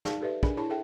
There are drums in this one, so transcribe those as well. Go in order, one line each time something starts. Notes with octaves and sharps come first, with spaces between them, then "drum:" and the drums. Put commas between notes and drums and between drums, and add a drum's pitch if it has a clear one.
D#4 G#4 D5 F5 A5, drum: snare
G4 A4 B4 D5 E5
D4 G#4 A#4 D5 G#5 B5, drum: kick
E4 G#4 C#5 A5 B5 C6
G#4 A4 E5 G5